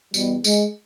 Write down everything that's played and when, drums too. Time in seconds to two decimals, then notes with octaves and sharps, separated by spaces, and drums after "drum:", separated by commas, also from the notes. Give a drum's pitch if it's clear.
0.14 E2 B2 G3, drum: tambourine
0.44 G#3, drum: tambourine